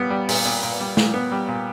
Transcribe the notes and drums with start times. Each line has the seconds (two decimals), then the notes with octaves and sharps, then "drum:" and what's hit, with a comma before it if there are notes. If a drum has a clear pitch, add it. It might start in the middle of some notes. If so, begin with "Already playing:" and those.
Already playing: A#2 G3 B3
0.10 G3
0.29 A#2, drum: open hi-hat
0.45 A#2
0.63 A#2
0.80 G3
0.97 A#2, drum: snare
1.14 B3
1.32 G3
1.48 A#2